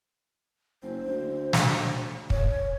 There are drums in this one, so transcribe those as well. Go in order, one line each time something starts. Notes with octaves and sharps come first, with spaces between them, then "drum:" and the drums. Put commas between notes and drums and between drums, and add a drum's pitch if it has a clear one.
F#1 C5
D2
drum: snare
C#5, drum: kick